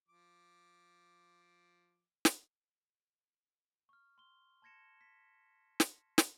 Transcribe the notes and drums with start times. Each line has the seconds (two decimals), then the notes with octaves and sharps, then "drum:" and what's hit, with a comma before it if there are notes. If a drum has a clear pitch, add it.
0.08 F3 D6
2.25 drum: snare
3.89 C#6 F6
4.18 C6 G7
4.62 A5 C6 G#6 A#6 C#7 E7
5.01 B6
5.80 drum: snare
6.18 drum: snare